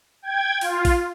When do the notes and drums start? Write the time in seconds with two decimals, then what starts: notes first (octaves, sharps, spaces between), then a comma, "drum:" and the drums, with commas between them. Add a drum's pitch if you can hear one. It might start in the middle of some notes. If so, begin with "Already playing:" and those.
0.22 G5 G#6
0.61 F4, drum: open hi-hat
0.85 drum: kick, open hi-hat